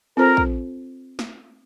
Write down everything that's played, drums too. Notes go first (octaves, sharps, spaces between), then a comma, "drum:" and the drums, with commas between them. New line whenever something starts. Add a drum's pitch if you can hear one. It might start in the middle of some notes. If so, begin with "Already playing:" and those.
C4 F4 A4 A#4 C5
drum: kick
drum: snare